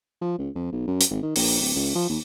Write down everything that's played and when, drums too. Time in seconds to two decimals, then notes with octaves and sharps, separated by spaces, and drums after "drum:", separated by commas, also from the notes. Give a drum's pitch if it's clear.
0.21 F3
0.38 C#2
0.55 F2
0.72 B1
0.87 F#2
1.01 drum: hi-hat
1.10 G#1
1.22 D#3
1.36 A#1, drum: open hi-hat
1.60 D1
1.75 C#2
1.95 F3
2.09 D#2